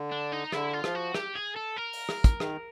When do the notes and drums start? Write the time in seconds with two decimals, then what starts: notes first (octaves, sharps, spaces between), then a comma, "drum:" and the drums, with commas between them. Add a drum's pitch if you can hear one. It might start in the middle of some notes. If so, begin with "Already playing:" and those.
Already playing: D3
0.11 D4
0.32 D#4
0.52 D3 E4, drum: rim click
0.73 F4
0.84 F3, drum: rim click
0.95 F#4
1.14 G4, drum: rim click
1.35 G#4
1.56 A4
1.78 A#4
1.93 drum: open hi-hat
2.09 drum: rim click
2.24 drum: kick, hi-hat
2.40 D#3, drum: rim click